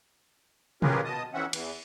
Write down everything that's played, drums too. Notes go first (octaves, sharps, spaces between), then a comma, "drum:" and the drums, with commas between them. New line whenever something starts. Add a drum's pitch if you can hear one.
C#4 F4 G4 G#4 A#4 B4, drum: tom
B2 D#5 A5 D#6
F2 E3 C4 C#4 E5 F#5
E2 E3, drum: cymbal